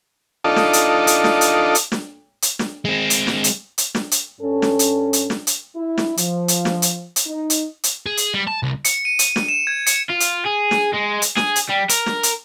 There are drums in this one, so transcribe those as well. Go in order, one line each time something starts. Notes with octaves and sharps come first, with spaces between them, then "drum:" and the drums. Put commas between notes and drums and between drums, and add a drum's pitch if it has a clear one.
D4 D#4 F4 A4
drum: snare
drum: hi-hat
drum: hi-hat
drum: snare
drum: hi-hat
drum: hi-hat
drum: snare
drum: hi-hat
drum: snare
G#3 C4
drum: hi-hat
drum: snare
drum: hi-hat
drum: hi-hat
drum: snare
drum: hi-hat
G2 C#4 A4
drum: snare
drum: hi-hat
drum: hi-hat
drum: snare
drum: hi-hat
E4
drum: snare
F3, drum: hi-hat
drum: hi-hat
drum: snare
drum: hi-hat
drum: hi-hat
D#4
drum: hi-hat
drum: hi-hat
G#4
drum: hi-hat
G3
A5
C2
C#7, drum: hi-hat
D#7
drum: hi-hat
drum: snare
E7
G#6
C#7, drum: hi-hat
F4
drum: hi-hat
G#4
drum: snare
G#3
drum: hi-hat
G#4, drum: snare
drum: hi-hat
G3
A#4, drum: hi-hat
drum: snare
drum: hi-hat